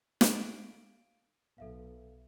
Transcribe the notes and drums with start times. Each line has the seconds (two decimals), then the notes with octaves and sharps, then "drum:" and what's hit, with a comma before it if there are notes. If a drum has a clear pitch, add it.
0.21 F5 D7 D#7, drum: snare
1.58 B1 A4 E5 F5